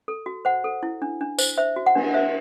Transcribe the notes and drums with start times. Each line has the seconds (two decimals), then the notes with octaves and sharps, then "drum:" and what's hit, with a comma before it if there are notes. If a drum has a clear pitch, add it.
0.08 A4
0.26 F#4
0.45 C5 F#5
0.64 A4
0.83 E4
1.02 D4
1.21 D4
1.39 C5, drum: tambourine
1.58 C5 E5
1.76 F#4
1.86 F#5
1.95 D4, drum: cymbal
2.14 C5 E5